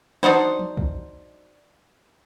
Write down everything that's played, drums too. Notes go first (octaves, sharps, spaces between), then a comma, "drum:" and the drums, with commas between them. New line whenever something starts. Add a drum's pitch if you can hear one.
D4 D#4 F#4 C5, drum: snare
drum: tom E3
drum: kick